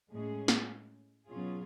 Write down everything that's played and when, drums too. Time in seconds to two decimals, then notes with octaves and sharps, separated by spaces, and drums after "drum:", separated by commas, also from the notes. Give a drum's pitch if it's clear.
0.10 A2 G#3 C#4 G#4
0.48 drum: snare
1.26 B2 F#3 C#4 F4 G#4